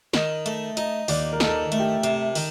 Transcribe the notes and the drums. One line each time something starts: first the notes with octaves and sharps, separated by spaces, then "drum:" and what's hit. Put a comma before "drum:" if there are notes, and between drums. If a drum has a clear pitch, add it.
D#3 D#5, drum: snare
A3, drum: hi-hat
D#4, drum: hi-hat
D#2 D5, drum: open hi-hat
A#4
D#3 A4, drum: snare
A#4
A3, drum: hi-hat
G4
C3, drum: hi-hat
D#3, drum: open hi-hat